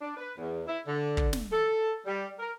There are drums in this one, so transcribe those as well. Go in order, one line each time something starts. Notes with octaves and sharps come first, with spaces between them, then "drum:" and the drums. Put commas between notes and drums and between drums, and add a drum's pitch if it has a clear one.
D4
B4
E2
E4
D3
drum: kick
drum: snare
A4
G3
A#4